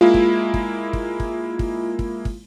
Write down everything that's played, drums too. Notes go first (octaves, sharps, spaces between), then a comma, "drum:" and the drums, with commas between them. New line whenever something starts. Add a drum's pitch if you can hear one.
G#3 A#3 E4 F4
drum: kick
drum: kick
drum: kick
drum: kick
drum: kick
drum: kick
drum: kick